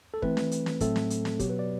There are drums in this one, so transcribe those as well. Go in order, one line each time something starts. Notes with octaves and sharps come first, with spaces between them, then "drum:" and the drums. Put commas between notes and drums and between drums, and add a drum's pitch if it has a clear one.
A4
E3 A3 C4 B4, drum: kick
drum: snare
drum: hi-hat
drum: snare
A2 F#3 A3 C4 A4, drum: kick, hi-hat
drum: snare
drum: hi-hat
drum: snare
B2 F#3 B3 G4, drum: kick, hi-hat
B4
D5